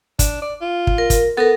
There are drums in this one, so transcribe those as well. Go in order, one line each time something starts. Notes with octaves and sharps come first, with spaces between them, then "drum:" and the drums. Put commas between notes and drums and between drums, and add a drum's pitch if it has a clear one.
D4, drum: kick, hi-hat
D5
F4
drum: kick
A#4
drum: kick, hi-hat
B3 A4 A#4